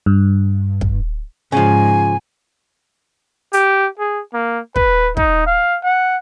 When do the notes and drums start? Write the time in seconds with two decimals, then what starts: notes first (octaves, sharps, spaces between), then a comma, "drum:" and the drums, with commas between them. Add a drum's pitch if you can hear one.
0.06 G2
0.81 drum: kick
1.52 G#2 C#3 F3 G#5
3.53 G4, drum: hi-hat
3.99 G#4
4.34 A#3
4.76 B4, drum: kick
5.17 D#4, drum: kick
5.46 F5
5.83 F#5